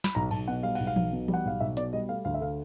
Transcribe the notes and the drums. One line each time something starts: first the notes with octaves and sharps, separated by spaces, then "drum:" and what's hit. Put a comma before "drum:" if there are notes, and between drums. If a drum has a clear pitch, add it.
B5, drum: snare
B1 A#5
B1 A5, drum: cymbal
B2 F#5
G3 F5
B1 F#5, drum: cymbal
F5
B1, drum: tom E3
B2
G3, drum: tom E3
F#5
B1 F5
B1 E5
B2 D5, drum: hi-hat
G3 D#5
A3 F5
D2 F5
E5
D3 F5